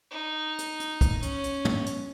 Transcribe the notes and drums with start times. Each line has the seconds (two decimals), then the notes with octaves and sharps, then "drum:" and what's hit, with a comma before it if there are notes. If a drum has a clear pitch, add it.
0.11 D#4
0.58 drum: hi-hat
0.80 drum: hi-hat
1.01 drum: kick, hi-hat
1.22 C#4, drum: hi-hat
1.44 drum: hi-hat
1.65 drum: tom
1.86 drum: hi-hat